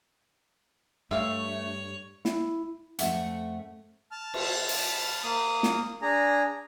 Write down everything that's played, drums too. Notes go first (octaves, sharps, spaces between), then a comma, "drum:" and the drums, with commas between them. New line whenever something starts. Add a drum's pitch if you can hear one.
G2 A3 C#5 E5 F5
E4, drum: snare
F2 A3 B4 E5 F#5, drum: hi-hat
A5 F6
drum: cymbal
drum: open hi-hat
A#3 D#6
drum: snare
D4 G#4 A#5